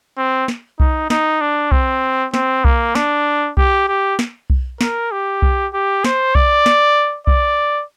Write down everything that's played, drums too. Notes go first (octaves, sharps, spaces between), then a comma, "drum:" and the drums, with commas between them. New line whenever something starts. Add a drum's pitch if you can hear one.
C4
drum: snare
D#4, drum: kick B1
D#4, drum: snare
D4
C4, drum: kick B1
C4, drum: snare
A#3, drum: kick B1
D4, drum: snare
G4, drum: kick B1
G4
drum: snare
drum: kick B1
A#4, drum: snare
G4
drum: kick B1
G4
C5, drum: snare
D5, drum: kick B1
drum: snare
D5, drum: kick B1